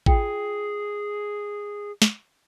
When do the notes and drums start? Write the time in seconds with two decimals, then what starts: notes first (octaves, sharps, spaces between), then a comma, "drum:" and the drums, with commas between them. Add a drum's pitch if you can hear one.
0.06 F4 G#4 G5, drum: kick
2.02 drum: snare